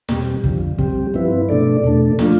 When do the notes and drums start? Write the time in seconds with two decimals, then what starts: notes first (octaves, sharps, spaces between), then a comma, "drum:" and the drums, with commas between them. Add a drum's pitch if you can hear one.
0.09 E2 B2 G3 C4 G4, drum: snare
0.44 F2 D3 F3, drum: kick
0.78 G3 C4 G4, drum: kick
1.14 G2 F3 C4 E4 B4
1.49 B2 A3 D4 A4 D5
1.84 E2 B2 A3 D4 A4
2.19 F3 A3 D4 F4, drum: snare